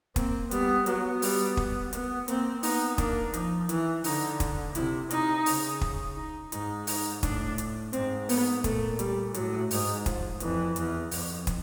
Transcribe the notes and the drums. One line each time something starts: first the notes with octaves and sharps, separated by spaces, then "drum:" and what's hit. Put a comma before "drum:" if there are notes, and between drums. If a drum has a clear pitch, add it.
A#3 C4, drum: kick, hi-hat
G3 B3, drum: hi-hat
F#3 B3, drum: hi-hat
G3, drum: open hi-hat
drum: kick
B3, drum: hi-hat
A#3 C4, drum: hi-hat
B3 D#4, drum: open hi-hat
A#3 D4, drum: kick, hi-hat
F3 D#4, drum: hi-hat
E3 E4, drum: hi-hat
D3 D#4, drum: open hi-hat
drum: kick, hi-hat
C3 E4, drum: hi-hat
C3 D#4, drum: hi-hat
C#3, drum: open hi-hat
drum: kick
D#4
G#2 D#4, drum: hi-hat
D#4, drum: open hi-hat
A2 D4, drum: kick, hi-hat
drum: hi-hat
G#2 C4, drum: hi-hat
B3, drum: open hi-hat
A#2 A3, drum: kick, hi-hat
G3, drum: hi-hat
A2 F#3, drum: hi-hat
G#2, drum: open hi-hat
F3, drum: kick, hi-hat
F2 E3, drum: hi-hat
E2, drum: hi-hat
F2, drum: open hi-hat
drum: kick, hi-hat